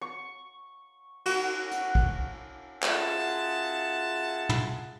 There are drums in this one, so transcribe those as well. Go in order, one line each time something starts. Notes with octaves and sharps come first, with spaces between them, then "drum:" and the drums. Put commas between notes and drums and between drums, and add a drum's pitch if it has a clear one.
C#6
F#4, drum: cymbal
drum: hi-hat
drum: kick
F#2 F4 G#4 E5 F#5 A5, drum: clap
drum: tom